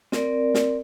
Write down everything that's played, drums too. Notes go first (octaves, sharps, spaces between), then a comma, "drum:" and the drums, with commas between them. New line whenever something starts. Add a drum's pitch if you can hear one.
C4 A#4 D5, drum: snare
drum: snare